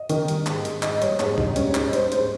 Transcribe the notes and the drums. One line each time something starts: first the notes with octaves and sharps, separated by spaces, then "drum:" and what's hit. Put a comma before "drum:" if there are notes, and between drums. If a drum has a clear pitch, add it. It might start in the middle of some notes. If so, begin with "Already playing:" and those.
Already playing: D#5
D#3, drum: hi-hat
G3, drum: hi-hat
G#2, drum: clap
G#2, drum: hi-hat
G#2 D#5, drum: clap
G3 C#5, drum: hi-hat
G#2 C#5, drum: clap
G3 D#4, drum: kick
G3 C#4, drum: hi-hat
G#2 D#4, drum: clap
C#5
G3 C5, drum: hi-hat
G#2 C5, drum: hi-hat